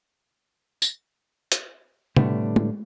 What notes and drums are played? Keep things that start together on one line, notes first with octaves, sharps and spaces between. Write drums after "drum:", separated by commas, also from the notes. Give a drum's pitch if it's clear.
drum: tambourine
drum: hi-hat
A2 D3 G3 A3 B3 D4, drum: tom C3
drum: tom